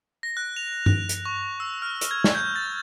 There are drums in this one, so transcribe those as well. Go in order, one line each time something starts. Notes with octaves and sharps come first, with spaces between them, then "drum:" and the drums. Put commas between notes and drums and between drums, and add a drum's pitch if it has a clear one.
A#6
F#6
F7
F#6, drum: tom G2
drum: hi-hat
C#6
E6
F6
drum: hi-hat
G#6
drum: snare
G6
A6